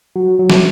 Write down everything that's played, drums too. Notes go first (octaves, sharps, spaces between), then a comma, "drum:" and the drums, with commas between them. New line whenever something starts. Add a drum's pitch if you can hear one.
F#3
F#3
drum: snare